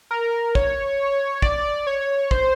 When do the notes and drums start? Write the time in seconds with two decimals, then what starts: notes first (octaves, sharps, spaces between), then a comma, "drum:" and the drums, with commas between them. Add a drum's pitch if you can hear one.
0.11 A#4
0.55 C#5, drum: kick
1.42 D5, drum: kick
1.87 C#5
2.31 C5, drum: kick